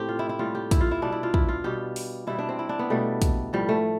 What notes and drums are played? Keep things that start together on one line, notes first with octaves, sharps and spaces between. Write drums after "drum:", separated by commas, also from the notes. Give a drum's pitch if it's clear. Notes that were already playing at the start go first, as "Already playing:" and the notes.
Already playing: A2 C4 G4
F4
E4
E4
A2 G3 F4
G4
E4, drum: kick, hi-hat
F4
E4
B2 G3 D4
E4
F4
E4, drum: kick
F4
B2 G3 G4
drum: open hi-hat
B2 G3 E4
D4
C4
E4
D4
B3
B2 G3 A3
drum: kick, hi-hat
A2 F3 G3
A3